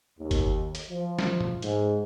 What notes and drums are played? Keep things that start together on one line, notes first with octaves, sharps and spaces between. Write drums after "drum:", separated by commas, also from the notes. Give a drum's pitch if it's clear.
D#2
drum: kick F#1, hi-hat
drum: hi-hat
F3
drum: snare
drum: tom
G#2, drum: hi-hat